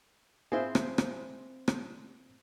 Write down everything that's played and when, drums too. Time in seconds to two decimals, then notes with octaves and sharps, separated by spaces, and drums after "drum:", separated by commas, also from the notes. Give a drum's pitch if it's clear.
0.52 C4 E4 F4 G#4 C5
0.75 drum: rim click
0.98 drum: rim click
1.68 drum: rim click